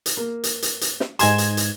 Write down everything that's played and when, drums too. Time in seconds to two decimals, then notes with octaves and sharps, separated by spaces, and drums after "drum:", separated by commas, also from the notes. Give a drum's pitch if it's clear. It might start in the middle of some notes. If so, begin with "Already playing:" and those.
0.06 drum: hi-hat
0.17 A#3
0.44 drum: hi-hat
0.62 drum: hi-hat
0.81 drum: hi-hat
1.00 drum: snare
1.19 G#2 D#5 G#5 C6 G#6 E7, drum: hi-hat
1.38 drum: hi-hat
1.57 drum: hi-hat